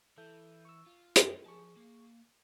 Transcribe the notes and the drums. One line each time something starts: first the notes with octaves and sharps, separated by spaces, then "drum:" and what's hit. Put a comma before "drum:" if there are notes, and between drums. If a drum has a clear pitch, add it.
E3 A4 E5 G6
C#6 E6
F4
F#2 G#4, drum: hi-hat
F3 G#4 A5 C#6
A#3